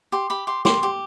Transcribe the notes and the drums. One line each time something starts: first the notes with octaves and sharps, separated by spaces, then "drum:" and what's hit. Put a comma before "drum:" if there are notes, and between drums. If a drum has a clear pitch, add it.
G4 C6
G4 B5
G4 C6
G4 C6, drum: snare
G4